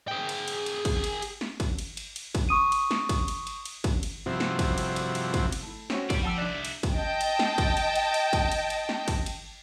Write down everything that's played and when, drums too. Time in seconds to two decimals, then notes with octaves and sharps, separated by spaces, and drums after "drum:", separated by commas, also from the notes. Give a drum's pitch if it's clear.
0.08 G#4 G5
0.29 drum: cymbal
0.48 drum: cymbal
0.66 drum: cymbal
0.85 drum: kick, cymbal
1.04 drum: cymbal
1.22 drum: cymbal
1.41 drum: snare
1.60 drum: kick, cymbal
1.79 drum: cymbal
1.97 drum: cymbal
2.16 drum: cymbal
2.35 drum: kick, cymbal
2.49 C#6 D#6 D#7
2.72 drum: cymbal
2.91 drum: snare
3.09 drum: kick, cymbal
3.28 drum: cymbal
3.47 drum: cymbal
3.65 drum: cymbal
3.84 drum: kick, cymbal
4.03 drum: cymbal
4.26 G2 C3 F3 C4 E4 F#4
4.40 drum: snare
4.59 drum: kick, cymbal
4.78 drum: cymbal
4.96 drum: cymbal
5.15 drum: cymbal
5.34 drum: kick, cymbal
5.52 drum: cymbal
5.62 A3 E4
5.90 C4 C#4 F#4 C#5 G5, drum: snare
6.10 G4 D5, drum: kick, cymbal
6.23 F3 F#5 G5 A5 E6
6.38 C2 D4 D#4 D5 E5 F#6 D7
6.65 drum: cymbal
6.83 drum: kick, cymbal
6.95 D#5 G5 A5
7.21 drum: cymbal
7.39 drum: snare
7.58 drum: kick, cymbal
7.77 drum: cymbal
7.95 drum: cymbal
8.14 drum: cymbal
8.33 drum: kick, cymbal
8.52 drum: cymbal
8.70 drum: cymbal
8.89 drum: snare
9.08 drum: kick, cymbal
9.26 drum: cymbal